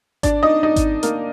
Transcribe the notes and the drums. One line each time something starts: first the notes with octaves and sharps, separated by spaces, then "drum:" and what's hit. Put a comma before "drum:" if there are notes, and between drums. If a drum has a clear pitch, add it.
D4 D5, drum: kick G#1, hi-hat
D#4 D#5
D#4 D#5
drum: kick G#1, hi-hat
A#3 A#4, drum: hi-hat